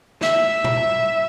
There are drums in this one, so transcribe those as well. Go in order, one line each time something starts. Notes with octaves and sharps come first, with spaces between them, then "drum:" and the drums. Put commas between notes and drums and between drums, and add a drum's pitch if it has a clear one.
E5, drum: snare
drum: tom A#2